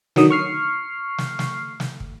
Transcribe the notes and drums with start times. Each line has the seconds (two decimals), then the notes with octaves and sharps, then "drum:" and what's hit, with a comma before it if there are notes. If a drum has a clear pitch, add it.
0.16 D3 D#3 F#3 D#6, drum: snare
0.30 C#6 F6 C7
1.18 drum: snare
1.39 drum: snare
1.80 drum: snare
2.00 drum: kick